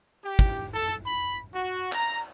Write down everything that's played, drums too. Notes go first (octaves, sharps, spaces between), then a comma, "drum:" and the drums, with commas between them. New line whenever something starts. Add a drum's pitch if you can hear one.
G4
drum: kick
A4
B5
F#4
A#5, drum: clap